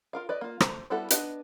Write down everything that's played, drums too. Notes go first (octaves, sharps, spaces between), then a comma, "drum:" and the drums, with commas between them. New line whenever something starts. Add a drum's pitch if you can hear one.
F4 A#4 F5
B4 D5 D#5
A#3 F4
A3 C5 A#5, drum: rim click
G3 B3 E4 F#4 A4
B3 D4 B4 D#5, drum: hi-hat